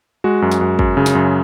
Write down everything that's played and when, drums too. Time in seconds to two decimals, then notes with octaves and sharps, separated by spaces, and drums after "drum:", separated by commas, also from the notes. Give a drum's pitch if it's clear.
0.24 G#3 F#4
0.42 F#2
0.52 drum: snare
0.61 F#2
0.79 F#2, drum: kick
0.97 C#3
1.06 drum: snare
1.15 F#2